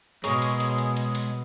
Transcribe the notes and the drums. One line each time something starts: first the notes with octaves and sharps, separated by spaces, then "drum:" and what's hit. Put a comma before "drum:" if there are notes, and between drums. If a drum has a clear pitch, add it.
B2 G#3 G#4 A#4 C#5 D#5, drum: hi-hat
drum: hi-hat
drum: hi-hat
drum: hi-hat
drum: hi-hat
drum: hi-hat